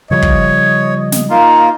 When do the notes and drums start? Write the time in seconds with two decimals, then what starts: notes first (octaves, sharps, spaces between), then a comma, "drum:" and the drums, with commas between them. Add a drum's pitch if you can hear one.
0.11 C#3 F3 G3 C#5 D#5
0.22 drum: kick
1.12 drum: snare
1.30 A#3 D#4 F4